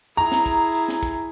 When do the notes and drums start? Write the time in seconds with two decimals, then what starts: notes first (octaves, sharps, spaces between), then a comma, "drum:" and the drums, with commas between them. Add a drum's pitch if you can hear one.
0.17 E4 G#4 A#5, drum: hi-hat
0.32 drum: snare
0.46 drum: kick, hi-hat
0.74 drum: hi-hat
0.88 drum: snare
1.03 drum: kick, hi-hat